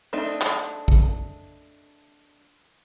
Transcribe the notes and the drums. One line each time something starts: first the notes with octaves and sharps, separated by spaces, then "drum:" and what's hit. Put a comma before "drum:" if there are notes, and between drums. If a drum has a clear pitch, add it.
A3 C4 D4 D#4
drum: clap
drum: kick